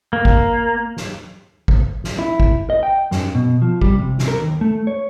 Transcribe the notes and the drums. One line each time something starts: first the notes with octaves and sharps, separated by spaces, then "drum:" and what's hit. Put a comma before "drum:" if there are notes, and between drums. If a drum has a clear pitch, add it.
A#3
drum: kick G#1
drum: snare
drum: kick G#1
drum: snare
E4
drum: kick G#1
D#5
G5
F#2, drum: snare
B2
F3
G3, drum: kick G#1
C3
drum: snare
A#4
D#2
A3
C#5